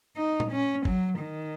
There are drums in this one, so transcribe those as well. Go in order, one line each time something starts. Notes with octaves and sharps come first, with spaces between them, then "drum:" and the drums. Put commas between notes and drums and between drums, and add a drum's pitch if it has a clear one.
D#4
drum: tom A#2
C#4
F#3, drum: kick
D#3